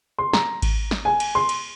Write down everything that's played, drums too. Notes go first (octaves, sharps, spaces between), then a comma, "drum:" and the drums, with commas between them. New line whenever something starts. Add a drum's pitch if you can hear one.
C6
A#5, drum: snare
drum: kick G#1, cymbal
drum: snare
G#5
drum: cymbal
C6
drum: cymbal